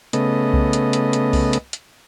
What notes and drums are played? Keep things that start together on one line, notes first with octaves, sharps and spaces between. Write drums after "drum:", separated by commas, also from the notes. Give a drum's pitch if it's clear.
C#3 A3 B3 D#5, drum: hi-hat
drum: kick C2
drum: hi-hat
drum: hi-hat
drum: hi-hat
drum: kick C2, open hi-hat
drum: hi-hat
drum: hi-hat